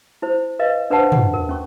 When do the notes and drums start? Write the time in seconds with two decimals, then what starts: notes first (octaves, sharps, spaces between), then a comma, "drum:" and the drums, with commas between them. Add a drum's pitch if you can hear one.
0.22 E4 C5
0.59 B4 D#5 F5
0.90 D4 B4 C5 F#5 A5
1.12 F#5, drum: tom
1.34 A#4
1.49 C#4 C#6